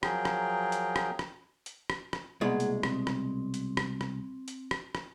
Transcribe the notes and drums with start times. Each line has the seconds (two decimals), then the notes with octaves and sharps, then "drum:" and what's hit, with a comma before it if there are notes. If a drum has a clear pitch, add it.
0.03 F3 F#3 G#4 A#4 G5, drum: rim click
0.25 drum: rim click
0.72 drum: hi-hat
0.96 drum: rim click
1.19 drum: rim click
1.66 drum: hi-hat
1.90 drum: rim click
2.13 drum: rim click
2.41 C2 B2 G#3 A#3 G#4 F#5
2.60 drum: hi-hat
2.83 C4, drum: rim click
3.07 drum: rim click
3.54 drum: hi-hat
3.77 drum: rim click
4.01 drum: rim click
4.48 drum: hi-hat
4.71 drum: rim click
4.95 drum: rim click